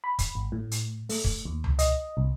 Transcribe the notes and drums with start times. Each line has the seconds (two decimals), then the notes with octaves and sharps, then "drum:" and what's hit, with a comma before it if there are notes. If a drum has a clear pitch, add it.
0.04 B5
0.19 drum: kick, hi-hat
0.35 G#1
0.52 A2
0.71 drum: hi-hat
1.09 A3, drum: open hi-hat
1.24 drum: kick
1.45 D#2
1.64 drum: tom C#2
1.79 D#5, drum: hi-hat
2.17 C2